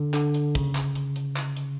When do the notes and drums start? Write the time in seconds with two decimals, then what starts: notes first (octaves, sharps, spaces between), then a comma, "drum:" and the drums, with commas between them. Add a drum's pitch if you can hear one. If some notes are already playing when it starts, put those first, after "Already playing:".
Already playing: D3
0.14 D3, drum: clap
0.34 drum: hi-hat
0.55 C#3, drum: kick, hi-hat
0.75 drum: clap
0.95 drum: hi-hat
1.16 drum: hi-hat
1.36 drum: clap
1.57 drum: hi-hat